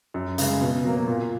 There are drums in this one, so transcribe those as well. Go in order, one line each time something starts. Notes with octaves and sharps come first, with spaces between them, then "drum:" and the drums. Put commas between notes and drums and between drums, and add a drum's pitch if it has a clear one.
F#2
C#3 G#3, drum: hi-hat
B2
F#3 A#3
A#2